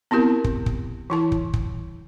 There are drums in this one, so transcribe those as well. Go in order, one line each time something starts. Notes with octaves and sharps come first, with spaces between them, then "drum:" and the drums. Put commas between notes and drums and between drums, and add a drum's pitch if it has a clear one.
B3 C4 E4 G4 A#4
drum: kick
drum: kick
E3 E4 A5
drum: kick
drum: kick